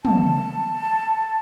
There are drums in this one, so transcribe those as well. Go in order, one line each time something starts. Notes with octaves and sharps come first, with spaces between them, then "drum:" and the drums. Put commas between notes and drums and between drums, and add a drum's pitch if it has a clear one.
A5, drum: tom